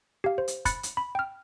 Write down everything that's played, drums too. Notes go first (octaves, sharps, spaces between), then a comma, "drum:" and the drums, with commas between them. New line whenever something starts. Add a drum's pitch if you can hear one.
G4 F5
C5
drum: hi-hat
B5 F#6 A6 C#7, drum: kick, hi-hat
drum: hi-hat
B5
G5 F6